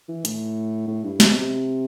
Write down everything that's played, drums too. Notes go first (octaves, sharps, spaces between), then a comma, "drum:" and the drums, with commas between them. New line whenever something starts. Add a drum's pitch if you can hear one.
E3
A2, drum: hi-hat
A2
G2
B2, drum: snare
B2
C3